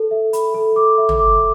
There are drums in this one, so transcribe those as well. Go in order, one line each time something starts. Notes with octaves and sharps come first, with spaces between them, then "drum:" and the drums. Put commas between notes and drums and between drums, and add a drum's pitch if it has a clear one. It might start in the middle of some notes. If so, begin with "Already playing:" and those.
Already playing: A4
E5
B5, drum: hi-hat
A4
D6
E5
drum: tom
D6